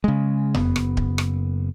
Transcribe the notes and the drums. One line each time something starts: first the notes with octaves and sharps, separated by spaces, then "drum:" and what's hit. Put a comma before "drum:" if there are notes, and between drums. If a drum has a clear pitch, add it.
C#3 G#3
F#1 B3, drum: tom F2
drum: rim click
drum: kick D1
drum: rim click